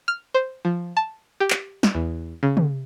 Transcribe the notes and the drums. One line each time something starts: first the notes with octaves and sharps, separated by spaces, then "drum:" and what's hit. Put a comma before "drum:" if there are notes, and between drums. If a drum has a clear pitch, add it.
F6
C5
F3
A5
G4
drum: clap
drum: snare
E2
C#3
drum: tom